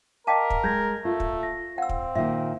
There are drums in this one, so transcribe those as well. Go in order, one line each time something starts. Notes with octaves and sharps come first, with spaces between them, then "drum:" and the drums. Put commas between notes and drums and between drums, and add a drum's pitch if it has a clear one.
A#4 D#5 F5 G5 A5 D6 B6
drum: kick
G#3 G6 G#6 A#6
A3 F4
drum: kick
A#6
C4 F5 F#5 E6
drum: kick
A#2 D#3 E5